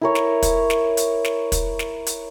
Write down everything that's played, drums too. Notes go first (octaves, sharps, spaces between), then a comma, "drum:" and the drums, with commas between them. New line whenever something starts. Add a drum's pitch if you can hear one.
E4 A#4 C#5
drum: snare
drum: kick, hi-hat
drum: snare
drum: hi-hat
drum: snare
drum: kick, hi-hat
drum: snare
drum: hi-hat